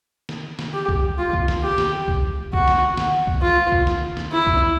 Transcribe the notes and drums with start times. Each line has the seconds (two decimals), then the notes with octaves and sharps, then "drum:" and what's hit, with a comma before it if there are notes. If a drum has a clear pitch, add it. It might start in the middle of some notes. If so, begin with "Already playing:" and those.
0.29 drum: snare
0.59 drum: snare
0.74 G4
0.89 drum: kick C2
1.18 F4
1.33 drum: kick C2
1.48 drum: snare
1.63 G4
1.78 drum: snare
2.08 drum: kick C2
2.53 F#4, drum: kick C2
2.68 drum: snare
2.97 drum: snare
3.27 drum: kick C2
3.42 F4
3.72 drum: kick C2
3.87 drum: snare
4.17 drum: snare
4.32 E4
4.47 drum: kick C2